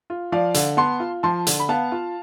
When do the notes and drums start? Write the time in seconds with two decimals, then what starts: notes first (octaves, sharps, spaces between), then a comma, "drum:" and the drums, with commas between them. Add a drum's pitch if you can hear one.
0.10 F4
0.32 F3 D5 F5
0.54 D3, drum: hi-hat
0.77 B3 A5 C6
1.00 F4
1.23 F3 A5 C6
1.47 D3, drum: hi-hat
1.60 B5
1.69 B3 F5 A5
1.92 F4